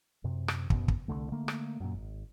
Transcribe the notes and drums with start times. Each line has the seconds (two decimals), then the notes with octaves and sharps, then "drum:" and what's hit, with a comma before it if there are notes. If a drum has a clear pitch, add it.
0.24 F#2 C3
0.48 drum: rim click
0.70 F#2 B2 B3, drum: kick
0.88 drum: kick
1.08 C2 F2 D3 A3
1.32 D3 A3 A#3
1.48 drum: rim click
1.80 F#2 A#2
1.94 G#1